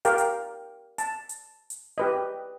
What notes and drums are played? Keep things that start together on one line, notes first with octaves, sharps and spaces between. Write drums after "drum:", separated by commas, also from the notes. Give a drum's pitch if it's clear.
G4 A#4 F5 G5, drum: hi-hat
drum: hi-hat
A5, drum: hi-hat
drum: hi-hat
drum: hi-hat
G4 B4 D#5